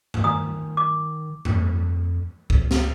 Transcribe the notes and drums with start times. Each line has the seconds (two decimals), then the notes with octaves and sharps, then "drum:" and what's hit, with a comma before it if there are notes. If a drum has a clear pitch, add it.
0.14 drum: tom G2
0.24 D#3 G#5 A#5 D#6
0.77 D6
1.45 F2, drum: tom G2
2.50 C#2, drum: kick A1
2.71 drum: snare